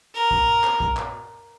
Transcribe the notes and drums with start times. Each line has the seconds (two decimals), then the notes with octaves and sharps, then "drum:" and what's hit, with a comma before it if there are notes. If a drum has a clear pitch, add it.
0.14 A#4
0.31 drum: kick A#1
0.64 drum: clap
0.80 drum: kick A#1
0.97 drum: clap